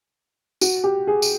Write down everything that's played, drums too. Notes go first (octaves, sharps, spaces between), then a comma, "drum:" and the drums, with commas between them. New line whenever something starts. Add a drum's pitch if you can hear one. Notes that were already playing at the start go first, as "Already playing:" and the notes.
F#4, drum: tambourine
G4
G#4
drum: tambourine